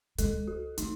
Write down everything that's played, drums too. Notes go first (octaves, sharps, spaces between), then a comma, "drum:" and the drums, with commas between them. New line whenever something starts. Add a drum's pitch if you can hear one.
G#3 A4, drum: kick D2, hi-hat
F#4
A3 D#4, drum: hi-hat